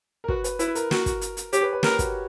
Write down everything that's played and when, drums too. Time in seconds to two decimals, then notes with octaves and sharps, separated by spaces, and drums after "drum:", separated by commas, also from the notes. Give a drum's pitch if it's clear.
0.24 A#4
0.28 F#4 B4, drum: kick
0.44 B4, drum: hi-hat
0.59 E4 B4, drum: hi-hat
0.75 A#4, drum: hi-hat
0.91 F#4, drum: snare
1.06 drum: kick, hi-hat
1.21 drum: hi-hat
1.37 drum: hi-hat
1.53 G4 C#5, drum: hi-hat
1.63 B4
1.73 B4
1.83 G4 A#4, drum: snare
1.99 F#4, drum: kick, hi-hat